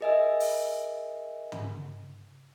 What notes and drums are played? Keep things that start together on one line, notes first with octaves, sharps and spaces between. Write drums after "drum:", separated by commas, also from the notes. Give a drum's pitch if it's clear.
G#4 A#4 D#5 E5 G#5 E6
drum: open hi-hat
drum: tom